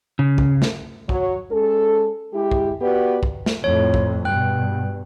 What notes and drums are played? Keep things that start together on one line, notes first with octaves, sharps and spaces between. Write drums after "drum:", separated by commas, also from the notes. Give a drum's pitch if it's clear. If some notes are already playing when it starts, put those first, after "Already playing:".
C#3
drum: kick
drum: snare
F#3 C#5, drum: kick
G#3 C#4 A4
G#3 E4 G4
drum: kick
B3 F#4 G4 B4 D5
drum: kick
drum: snare
F2 A2 C#5
drum: kick
G2 B2 G5 F#6